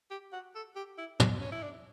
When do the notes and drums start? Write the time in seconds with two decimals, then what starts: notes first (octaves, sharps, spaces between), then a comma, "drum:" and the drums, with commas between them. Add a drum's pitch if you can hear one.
0.10 G4
0.33 F#4
0.55 A4
0.76 G4
0.98 E4
1.20 D4, drum: tom
1.41 C#4
1.52 E4
1.63 D4